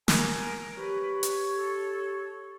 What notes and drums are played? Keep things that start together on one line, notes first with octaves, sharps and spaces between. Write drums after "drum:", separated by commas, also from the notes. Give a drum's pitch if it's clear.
A#4 G#5, drum: snare
G4 B4 C#5
drum: hi-hat
A4